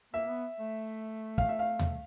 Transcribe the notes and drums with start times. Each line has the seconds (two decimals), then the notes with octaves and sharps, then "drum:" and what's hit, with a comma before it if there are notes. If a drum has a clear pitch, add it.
0.14 A#3 E5
0.28 B3
0.60 A3
1.38 F5, drum: kick
1.49 E5
1.59 F5
1.79 drum: tom D#2